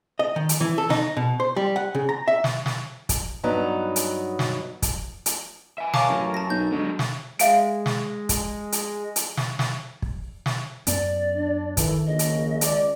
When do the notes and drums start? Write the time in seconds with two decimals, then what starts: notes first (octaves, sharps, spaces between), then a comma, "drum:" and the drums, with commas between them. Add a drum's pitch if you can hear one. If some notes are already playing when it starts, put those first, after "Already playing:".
0.19 D#5
0.36 D#3
0.49 drum: hi-hat
0.61 E3
0.78 A4
0.90 D#4, drum: snare
1.17 B2
1.40 C5
1.56 G3
1.76 F#5
1.95 C#3
2.09 A#5
2.28 E5
2.44 drum: snare
2.66 drum: snare
3.09 drum: kick, hi-hat
3.44 G2 F#3 B3 D#4
3.96 drum: hi-hat
4.39 drum: snare
4.82 drum: kick, hi-hat
5.26 drum: hi-hat
5.78 E5 G#5
5.94 A#4 C#5 F5 A5 D6, drum: snare
6.09 A1 F#2
6.34 A5 A#6
6.50 B1 G6
6.72 D3 F#3 G#3
6.99 drum: snare
7.39 G#3 E5 F5 D7, drum: hi-hat
7.86 drum: snare
8.29 drum: kick, hi-hat
8.72 drum: hi-hat
9.16 drum: hi-hat
9.37 drum: snare
9.59 drum: snare
10.02 drum: kick
10.46 drum: snare
10.87 F#2 B3 C#4 D5, drum: hi-hat
11.37 D4
11.77 D#3 E3 A4, drum: kick, hi-hat
12.07 A#1 C#3 D#5
12.19 drum: hi-hat
12.61 C#2 D5, drum: hi-hat